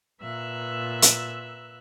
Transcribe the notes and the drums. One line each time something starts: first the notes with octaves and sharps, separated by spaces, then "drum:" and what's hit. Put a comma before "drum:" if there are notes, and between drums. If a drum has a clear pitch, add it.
A#2 B4 E5 E6 F#6
drum: hi-hat